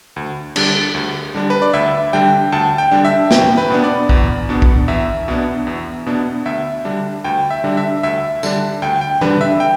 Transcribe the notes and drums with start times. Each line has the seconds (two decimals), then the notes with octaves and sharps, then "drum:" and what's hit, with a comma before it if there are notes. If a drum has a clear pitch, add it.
0.16 D2
0.56 D3 G3 D4, drum: cymbal
0.95 D2
1.35 D3 G3 D4
1.50 B4
1.62 D5
1.73 D2 E5
2.13 D3 G3 D4 G5
2.52 D2 A5
2.78 G5
2.92 D3 G3 D4
3.05 E5
3.31 E2 G5, drum: snare
3.58 B4
3.70 B2 B3 D4
3.84 D5
4.09 E2, drum: kick
4.49 B2 B3 D4
4.62 drum: kick
4.88 E2 E5
5.28 B2 B3 D4
5.67 E2
6.06 B2 B3 D4
6.46 D2 E5
6.85 D3 G3 D4
7.24 D2 G5
7.50 E5
7.64 D3 G3 D4
7.77 E5
8.03 D2 E5
8.43 D3 G3 D4, drum: tambourine
8.82 D2 G5
9.01 G5
9.21 D3 G3 D4 B4, drum: tom E3
9.41 E5
9.60 G5